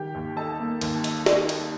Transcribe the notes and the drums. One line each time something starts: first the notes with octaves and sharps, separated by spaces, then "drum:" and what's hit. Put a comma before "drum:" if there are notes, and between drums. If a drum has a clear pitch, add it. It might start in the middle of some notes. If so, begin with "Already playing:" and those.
Already playing: D#3 G4 G5
D#2
D#4 A4 A5
A#3
D#2, drum: cymbal
D#4, drum: cymbal
D#4, drum: snare
D#4, drum: cymbal